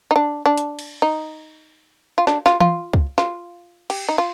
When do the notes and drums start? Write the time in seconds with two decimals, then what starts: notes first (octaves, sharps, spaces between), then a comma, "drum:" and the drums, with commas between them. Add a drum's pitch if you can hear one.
0.11 D#4
0.16 D4
0.46 D4
0.58 drum: hi-hat
0.79 drum: cymbal
1.02 D#4
2.18 F4
2.27 D4, drum: snare
2.46 F4, drum: snare
2.60 F4, drum: tom
2.93 drum: kick
3.18 F4, drum: snare
3.90 G4, drum: cymbal
4.09 D#4
4.18 F4